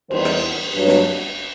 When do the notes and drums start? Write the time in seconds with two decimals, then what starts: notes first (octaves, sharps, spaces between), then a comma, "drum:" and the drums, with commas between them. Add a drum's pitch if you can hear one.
0.11 E2 D#3 G3 C5, drum: cymbal
0.25 drum: rim click
0.74 G2 F#3
0.88 drum: snare